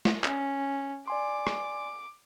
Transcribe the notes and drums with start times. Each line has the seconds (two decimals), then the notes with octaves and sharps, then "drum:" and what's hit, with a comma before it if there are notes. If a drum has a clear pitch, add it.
0.05 drum: snare
0.24 C#4, drum: clap
1.08 D5 G#5 C6 D6
1.47 drum: rim click